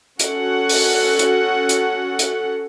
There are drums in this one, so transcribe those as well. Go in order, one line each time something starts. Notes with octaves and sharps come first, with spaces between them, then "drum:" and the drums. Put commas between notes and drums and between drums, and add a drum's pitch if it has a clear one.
C#4 F#4 A4 F#5, drum: hi-hat
drum: open hi-hat
drum: hi-hat
drum: hi-hat
drum: hi-hat